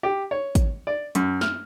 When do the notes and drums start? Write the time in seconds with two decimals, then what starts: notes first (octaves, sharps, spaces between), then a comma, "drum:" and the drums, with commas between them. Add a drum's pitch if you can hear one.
0.03 G4
0.31 C#5
0.55 drum: kick, hi-hat
0.87 D5
1.15 F#2, drum: hi-hat
1.41 F6, drum: snare